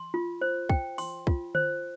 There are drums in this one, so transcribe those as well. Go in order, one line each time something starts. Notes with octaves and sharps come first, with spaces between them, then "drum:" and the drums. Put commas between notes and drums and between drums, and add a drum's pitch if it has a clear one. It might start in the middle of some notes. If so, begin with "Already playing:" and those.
Already playing: C6
F4
C5
G5, drum: kick
C6, drum: open hi-hat
F4, drum: kick
C5, drum: tom D3